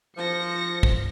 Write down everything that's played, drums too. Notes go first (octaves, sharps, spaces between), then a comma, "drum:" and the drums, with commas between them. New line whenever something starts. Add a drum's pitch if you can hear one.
F3 A#6 C#7
drum: kick